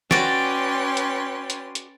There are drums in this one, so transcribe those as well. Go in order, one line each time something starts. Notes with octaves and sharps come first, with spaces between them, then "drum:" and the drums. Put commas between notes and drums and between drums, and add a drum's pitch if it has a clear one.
C#4 F#4 B4 D5 G5 C6 A6 D7, drum: snare
drum: hi-hat
drum: hi-hat
drum: hi-hat